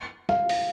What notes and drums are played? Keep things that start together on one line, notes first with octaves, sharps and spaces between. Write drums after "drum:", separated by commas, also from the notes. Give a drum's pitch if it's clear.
F5, drum: snare
drum: open hi-hat